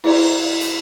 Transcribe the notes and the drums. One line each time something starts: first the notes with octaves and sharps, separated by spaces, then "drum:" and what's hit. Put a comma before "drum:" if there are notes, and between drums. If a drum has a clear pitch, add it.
E4 G#4 D5 A#5, drum: cymbal
drum: hi-hat